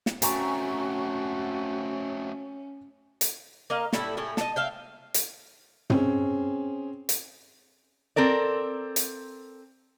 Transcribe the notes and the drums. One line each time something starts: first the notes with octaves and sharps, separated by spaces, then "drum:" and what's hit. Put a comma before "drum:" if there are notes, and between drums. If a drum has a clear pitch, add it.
drum: snare
A3 C4 C#4 F#4 G#5 A#5 C#6, drum: hi-hat
drum: hi-hat
A#3 D#5 F5
A2 G3 E4, drum: snare
A2 E4 G4 G#4
D#5 A5, drum: snare
E5 F5 G5
drum: hi-hat
C4 C#4 G#4, drum: tom
drum: hi-hat
C4 A4 A#4 D5
drum: hi-hat